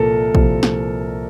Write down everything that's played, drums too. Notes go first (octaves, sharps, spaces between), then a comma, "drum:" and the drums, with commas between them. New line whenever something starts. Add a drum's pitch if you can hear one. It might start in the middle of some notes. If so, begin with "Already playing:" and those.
Already playing: C2 A#2 F3 A4 A#4
C2 A#2 F3, drum: kick
drum: snare